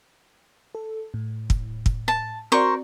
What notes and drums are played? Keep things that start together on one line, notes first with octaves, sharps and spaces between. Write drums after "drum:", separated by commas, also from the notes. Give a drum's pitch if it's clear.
A4
A2
drum: kick
drum: kick
A5
C4 F#4 A#4 C5 D5 C#6